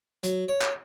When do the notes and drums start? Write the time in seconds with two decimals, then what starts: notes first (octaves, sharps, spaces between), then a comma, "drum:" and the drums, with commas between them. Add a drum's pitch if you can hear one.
0.23 F#3, drum: hi-hat
0.48 C#5
0.61 drum: clap